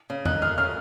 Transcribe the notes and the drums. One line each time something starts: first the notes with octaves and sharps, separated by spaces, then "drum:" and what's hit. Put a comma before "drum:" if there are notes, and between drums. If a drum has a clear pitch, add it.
C#3
D#4 F#6, drum: tom E2
G#3 F6
C#3 F6